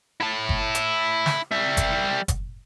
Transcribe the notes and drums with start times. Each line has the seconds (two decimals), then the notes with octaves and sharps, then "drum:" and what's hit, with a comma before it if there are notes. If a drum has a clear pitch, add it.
0.21 E4 A5
0.49 drum: kick F#1
0.75 drum: hi-hat
1.26 drum: snare
1.51 G3 E5
1.77 drum: kick F#1, hi-hat
2.28 drum: kick F#1, hi-hat